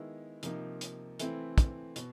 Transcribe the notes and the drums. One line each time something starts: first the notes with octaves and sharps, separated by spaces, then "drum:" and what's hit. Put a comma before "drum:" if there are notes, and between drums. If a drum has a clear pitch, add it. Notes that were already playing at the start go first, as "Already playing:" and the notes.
Already playing: D#3 G#3 B3 E4
C3 F3 A#3 D#4, drum: hi-hat
drum: hi-hat
E3 A3 C4 E4, drum: hi-hat
drum: kick, hi-hat
B2, drum: hi-hat